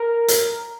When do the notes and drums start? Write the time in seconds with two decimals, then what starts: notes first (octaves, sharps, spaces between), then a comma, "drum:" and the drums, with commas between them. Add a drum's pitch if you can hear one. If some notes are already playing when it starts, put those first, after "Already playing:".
Already playing: A#4
0.28 drum: hi-hat